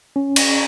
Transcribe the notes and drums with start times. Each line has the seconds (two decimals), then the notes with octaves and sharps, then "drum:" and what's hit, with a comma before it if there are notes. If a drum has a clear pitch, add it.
0.16 C#4
0.36 drum: cymbal